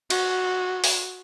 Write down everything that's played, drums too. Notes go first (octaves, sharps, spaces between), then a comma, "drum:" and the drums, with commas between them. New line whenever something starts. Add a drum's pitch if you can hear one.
F#4, drum: cymbal
drum: open hi-hat